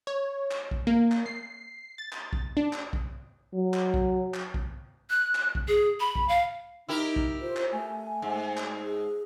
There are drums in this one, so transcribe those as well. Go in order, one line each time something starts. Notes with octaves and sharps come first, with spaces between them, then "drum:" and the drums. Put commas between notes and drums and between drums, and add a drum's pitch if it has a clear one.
C#5
drum: clap
drum: kick B1
A#3
drum: clap
C7
A6
drum: clap
drum: kick B1
D4
drum: clap
drum: kick B1
F#3
drum: clap
drum: kick B1
drum: clap
drum: kick B1
F#6
drum: clap
drum: kick B1
G#4
B5
drum: kick B1
F5
D#4 E4 G4 A#4
drum: kick B1
F4 C5
drum: clap
A3 G#5
G#2
drum: clap
G#4